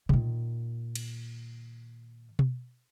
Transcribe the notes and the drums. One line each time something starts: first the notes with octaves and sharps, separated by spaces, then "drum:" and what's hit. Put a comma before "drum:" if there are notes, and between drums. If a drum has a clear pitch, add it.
A#2 D#3, drum: tom B2
drum: cymbal
drum: tom B2